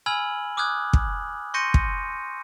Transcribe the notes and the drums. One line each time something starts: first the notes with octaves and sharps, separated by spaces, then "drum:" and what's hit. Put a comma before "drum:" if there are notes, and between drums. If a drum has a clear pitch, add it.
G#5 B5 E6 F6 G#6 F#7
D6 D#6 F6 F#6 G#6
drum: kick
C6 C#6 G6 A#6 C#7 D#7
drum: kick